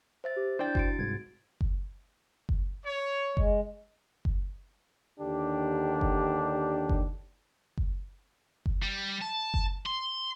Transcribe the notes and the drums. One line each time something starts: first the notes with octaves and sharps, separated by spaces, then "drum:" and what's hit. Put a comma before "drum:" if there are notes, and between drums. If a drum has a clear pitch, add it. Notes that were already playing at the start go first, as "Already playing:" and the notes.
C5 E5 A6
G4
D4 E4 C5 D5 G5 G6 A6
F#4 A6 D7, drum: kick F#1
C2 G#2 G#6
drum: kick F#1
drum: kick F#1
C#5
G#3, drum: kick F#1
drum: kick F#1
D#2 D3 D4 G4
drum: kick F#1
drum: kick F#1
drum: kick F#1
drum: kick F#1
G3
A5
drum: kick F#1
C6